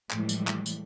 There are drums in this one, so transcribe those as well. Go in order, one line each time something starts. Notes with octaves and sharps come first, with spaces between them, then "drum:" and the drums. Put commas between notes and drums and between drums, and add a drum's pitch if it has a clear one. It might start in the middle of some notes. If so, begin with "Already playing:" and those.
A2 E3 F3 G3 G#3, drum: clap
drum: tambourine
drum: clap
drum: tambourine